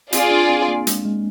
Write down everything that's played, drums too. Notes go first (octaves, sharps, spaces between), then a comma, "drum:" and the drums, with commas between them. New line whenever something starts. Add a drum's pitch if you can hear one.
C4 F4 G#4 D5, drum: hi-hat
D4
C4
A#3
G#3, drum: hi-hat
G#3